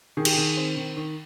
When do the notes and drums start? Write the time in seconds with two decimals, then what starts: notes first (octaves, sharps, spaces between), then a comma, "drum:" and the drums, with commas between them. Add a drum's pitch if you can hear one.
0.17 D#3 G#4
0.25 G4, drum: cymbal
0.33 D#3 G#4
0.57 C4
0.77 D#3
0.97 D#3